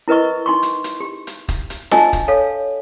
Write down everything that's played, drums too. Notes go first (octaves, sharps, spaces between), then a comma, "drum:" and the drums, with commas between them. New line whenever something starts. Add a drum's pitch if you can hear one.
E4 A#4 B4 D#5 C#6
D#4 C6 C#6
drum: hi-hat
drum: hi-hat
G4
drum: hi-hat
drum: kick, hi-hat
drum: hi-hat
D4 D#5 G#5 A5, drum: snare F4
drum: kick, hi-hat
A4 C#5 F5